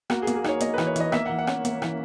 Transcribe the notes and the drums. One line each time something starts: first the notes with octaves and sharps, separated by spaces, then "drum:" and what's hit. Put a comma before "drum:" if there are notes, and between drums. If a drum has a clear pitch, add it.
A#3 F#4, drum: rim click
G#4
A#3, drum: hi-hat
G#4
D#4 C#5, drum: rim click
A#3 D#5, drum: hi-hat
B4
E3, drum: rim click
C#5
E3 D#5, drum: hi-hat
A#3 E5, drum: rim click
E3 F#5
F#5
C#4, drum: rim click
A#3, drum: hi-hat
E3, drum: rim click